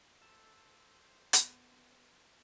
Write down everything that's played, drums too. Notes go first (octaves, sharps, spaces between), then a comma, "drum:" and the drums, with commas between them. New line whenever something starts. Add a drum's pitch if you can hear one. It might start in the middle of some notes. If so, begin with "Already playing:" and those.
A4 C5
B3, drum: hi-hat